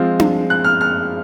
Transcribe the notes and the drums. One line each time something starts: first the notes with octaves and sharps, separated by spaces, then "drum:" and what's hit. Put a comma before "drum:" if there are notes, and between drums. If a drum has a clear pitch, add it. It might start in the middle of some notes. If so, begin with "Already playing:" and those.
Already playing: F3 G#3 C4 F4
drum: tom D4
F#6
F6
F6